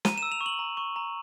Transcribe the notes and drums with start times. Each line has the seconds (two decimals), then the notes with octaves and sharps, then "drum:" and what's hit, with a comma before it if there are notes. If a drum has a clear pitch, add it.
0.05 A#5 D#7, drum: snare
0.18 E6 E7
0.32 F7
0.41 C#6
0.46 F#7
0.59 A#5
0.77 C#6
0.96 A#5